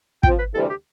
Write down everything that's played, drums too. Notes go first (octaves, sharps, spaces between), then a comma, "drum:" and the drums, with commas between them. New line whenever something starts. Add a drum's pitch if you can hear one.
F3 C4 F4 G5, drum: kick
B4
D2 C3 E3 G3 A4
G4